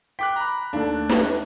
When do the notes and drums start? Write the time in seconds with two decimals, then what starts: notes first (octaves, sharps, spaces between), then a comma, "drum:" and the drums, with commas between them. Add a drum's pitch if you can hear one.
0.19 G5 D6 F#6 B6
0.36 A#5 B5
0.73 D#2 A3 D4
1.09 drum: snare